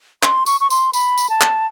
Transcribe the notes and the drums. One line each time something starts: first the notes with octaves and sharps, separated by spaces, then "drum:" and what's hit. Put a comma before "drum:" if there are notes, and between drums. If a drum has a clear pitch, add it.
C6, drum: clap
C#6, drum: tambourine
C#6
C6, drum: tambourine
B5, drum: tambourine
drum: tambourine
A5
drum: clap